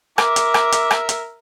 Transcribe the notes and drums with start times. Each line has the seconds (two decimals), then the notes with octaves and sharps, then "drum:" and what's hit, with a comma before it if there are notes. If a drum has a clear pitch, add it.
0.18 A#4 E5 D6, drum: rim click
0.36 drum: hi-hat
0.54 drum: rim click
0.72 drum: hi-hat
0.91 drum: rim click
1.09 drum: hi-hat